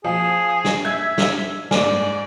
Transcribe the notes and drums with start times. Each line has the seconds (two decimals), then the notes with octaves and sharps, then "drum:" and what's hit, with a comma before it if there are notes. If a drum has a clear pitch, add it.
0.04 F3 G#4
0.65 drum: snare
0.85 E5 G#6
1.18 drum: snare
1.71 G#2 D5 G#5, drum: snare